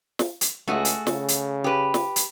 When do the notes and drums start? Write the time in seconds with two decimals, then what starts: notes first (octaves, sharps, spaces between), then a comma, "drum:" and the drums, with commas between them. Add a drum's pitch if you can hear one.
0.19 drum: snare
0.41 drum: hi-hat
0.68 C#2 A3 F#4 G#4
0.85 drum: hi-hat
1.07 C#3, drum: snare
1.28 drum: hi-hat
1.64 G4 B4
1.94 drum: snare
2.16 drum: hi-hat